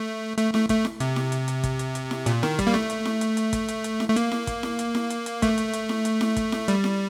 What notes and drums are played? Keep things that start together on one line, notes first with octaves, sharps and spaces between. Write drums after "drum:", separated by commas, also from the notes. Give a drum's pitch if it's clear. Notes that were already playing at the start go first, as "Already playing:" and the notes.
Already playing: A3
A3, drum: hi-hat
A3, drum: snare E4
A3, drum: kick, hi-hat
drum: snare E4
C3, drum: hi-hat
drum: snare E4
drum: hi-hat
drum: hi-hat
drum: kick, hi-hat
drum: hi-hat
drum: hi-hat
drum: snare E4
A#2, drum: hi-hat
D#3, drum: snare E4
G3, drum: kick, hi-hat
A#3
A3, drum: snare E4
drum: hi-hat
drum: snare E4
drum: hi-hat
drum: hi-hat
drum: kick, hi-hat
drum: hi-hat
drum: hi-hat
drum: snare E4
A3
A#3, drum: hi-hat
drum: snare E4
drum: kick, hi-hat
drum: snare E4
drum: hi-hat
drum: snare E4
drum: hi-hat
drum: hi-hat
A3, drum: kick, hi-hat
drum: hi-hat
drum: hi-hat
drum: snare E4
drum: hi-hat
drum: snare E4
drum: kick, hi-hat
drum: snare E4
G3, drum: hi-hat
drum: snare E4